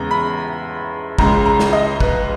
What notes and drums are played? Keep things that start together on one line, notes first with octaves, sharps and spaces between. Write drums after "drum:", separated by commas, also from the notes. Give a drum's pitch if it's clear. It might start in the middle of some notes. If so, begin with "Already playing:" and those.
Already playing: E2 C#3 G#3 A#5
B5
C#2 C#3 G#3 A#5, drum: kick
A#5
drum: snare
D#5
B4, drum: kick